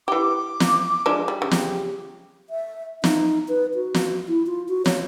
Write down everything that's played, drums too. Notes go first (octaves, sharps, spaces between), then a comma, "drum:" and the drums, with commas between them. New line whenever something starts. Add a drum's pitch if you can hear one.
E3 G4 D6
drum: snare
F3 G#3 D4
G3
C#3 G4
drum: snare
E5
D#4, drum: snare
B4
F#4
drum: snare
E4
F4
F#4
C#5, drum: snare